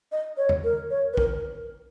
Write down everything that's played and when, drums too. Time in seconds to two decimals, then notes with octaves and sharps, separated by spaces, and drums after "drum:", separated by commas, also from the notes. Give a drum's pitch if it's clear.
0.12 D#5
0.37 C#5
0.49 drum: tom E2
0.64 A#4
0.90 C#5
1.13 B4
1.17 A#4, drum: kick